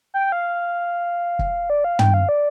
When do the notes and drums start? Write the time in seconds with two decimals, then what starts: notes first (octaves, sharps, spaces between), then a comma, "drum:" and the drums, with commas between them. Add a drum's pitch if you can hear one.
0.14 G5
0.32 F5
1.39 drum: kick
1.70 D5
1.84 F5
1.99 G5, drum: tom
2.14 F5
2.29 D5